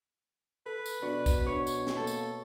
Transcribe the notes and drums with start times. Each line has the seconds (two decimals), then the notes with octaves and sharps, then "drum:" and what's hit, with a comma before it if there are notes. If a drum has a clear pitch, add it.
0.66 A4 B4
0.86 drum: tambourine
1.02 B2 D4 F#4 D5
1.26 drum: kick, tambourine
1.46 D4 C#5
1.67 drum: tambourine
1.87 drum: snare
1.97 A#3 A4 A5
2.07 drum: tambourine